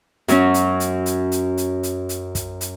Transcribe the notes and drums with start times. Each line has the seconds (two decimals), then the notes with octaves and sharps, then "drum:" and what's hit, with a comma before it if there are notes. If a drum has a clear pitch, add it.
0.28 F#2 F#3 C#4, drum: hi-hat
0.54 drum: hi-hat
0.80 drum: hi-hat
1.06 drum: hi-hat
1.32 drum: hi-hat
1.57 drum: hi-hat
1.83 drum: hi-hat
2.09 drum: hi-hat
2.35 drum: kick, hi-hat
2.61 drum: hi-hat